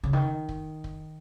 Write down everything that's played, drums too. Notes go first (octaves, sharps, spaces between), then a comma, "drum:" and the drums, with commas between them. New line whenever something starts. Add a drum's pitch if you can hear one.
C#3
D#3, drum: kick
drum: kick
drum: kick